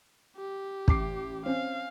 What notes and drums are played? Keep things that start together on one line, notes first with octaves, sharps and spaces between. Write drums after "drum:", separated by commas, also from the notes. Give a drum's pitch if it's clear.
G4
A1 D6 C7, drum: kick
C4 C#4 F5